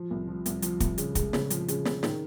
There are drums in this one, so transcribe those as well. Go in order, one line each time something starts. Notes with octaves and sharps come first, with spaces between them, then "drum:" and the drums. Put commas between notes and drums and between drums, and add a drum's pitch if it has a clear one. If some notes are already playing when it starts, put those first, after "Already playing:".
Already playing: F3
C2
F3
C2, drum: hi-hat
F3, drum: hi-hat
C2, drum: kick, hi-hat
C#3, drum: hi-hat
G#3, drum: kick, hi-hat
C#3, drum: snare
F3, drum: hi-hat
C#3, drum: hi-hat
C#3, drum: snare
D#3, drum: snare